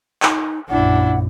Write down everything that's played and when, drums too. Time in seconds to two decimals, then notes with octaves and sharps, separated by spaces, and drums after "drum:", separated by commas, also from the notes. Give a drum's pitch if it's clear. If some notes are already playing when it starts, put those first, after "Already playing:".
0.23 D#4, drum: clap
0.69 A#1 F#2 D4 E4 F#5